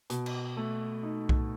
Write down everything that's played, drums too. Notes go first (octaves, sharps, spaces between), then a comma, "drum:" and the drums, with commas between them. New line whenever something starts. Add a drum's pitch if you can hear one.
B2, drum: hi-hat
drum: cymbal
A3
D#4
drum: kick B1